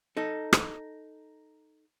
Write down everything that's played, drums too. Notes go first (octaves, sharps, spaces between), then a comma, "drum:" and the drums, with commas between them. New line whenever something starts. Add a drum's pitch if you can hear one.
D#4 A4
drum: rim click